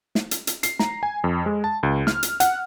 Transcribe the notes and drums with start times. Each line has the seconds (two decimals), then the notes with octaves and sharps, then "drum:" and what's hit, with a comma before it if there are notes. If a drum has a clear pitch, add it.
0.15 drum: snare
0.31 drum: hi-hat
0.47 drum: hi-hat
0.63 C7, drum: hi-hat
0.79 A#5, drum: snare
1.03 G#5
1.24 F2
1.46 G#3
1.64 A5
1.83 C#2
2.07 F6, drum: snare
2.23 drum: hi-hat
2.40 F#5, drum: hi-hat